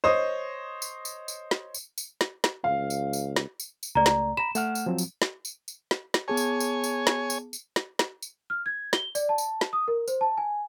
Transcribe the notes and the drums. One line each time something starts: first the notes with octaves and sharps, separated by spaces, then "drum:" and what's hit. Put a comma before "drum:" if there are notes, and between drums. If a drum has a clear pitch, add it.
C5 C#5 D#5 D#6
drum: tambourine
drum: tambourine
drum: tambourine
drum: snare
drum: tambourine
drum: tambourine
drum: snare
drum: snare
C#2 F5
drum: tambourine
drum: tambourine
drum: snare
drum: tambourine
drum: tambourine
C#2 A3 D5 A#5
drum: snare
A#5 B5 E7
A3 F#5 F6, drum: tambourine
drum: tambourine
F3 F#3 C4
drum: tambourine
drum: snare
drum: tambourine
drum: tambourine
drum: snare
drum: snare
B3 G#4 C#5 G#5 A5
drum: tambourine
drum: tambourine
drum: tambourine
drum: snare
drum: tambourine
drum: tambourine
drum: snare
drum: snare
drum: tambourine
F6
G#6
G7, drum: snare
D5, drum: tambourine
A5
drum: tambourine
drum: snare
D#6
A#4
C5, drum: tambourine
A5
G#5